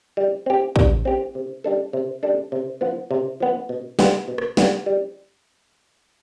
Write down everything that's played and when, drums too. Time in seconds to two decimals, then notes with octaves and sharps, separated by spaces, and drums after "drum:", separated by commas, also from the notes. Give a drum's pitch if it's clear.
0.17 G3
0.46 C4 G4
0.76 G3, drum: kick
1.05 C4 G4
1.35 C3
1.64 G3 D4 A4
1.93 C3
2.23 G3 D4 A4
2.52 C3
2.81 F3 B3
3.11 C3
3.40 F3 B3
3.69 B2
3.99 G3 B3 F4, drum: snare
4.28 B2
4.38 drum: rim click
4.57 G3 B3 F4, drum: snare
4.86 G3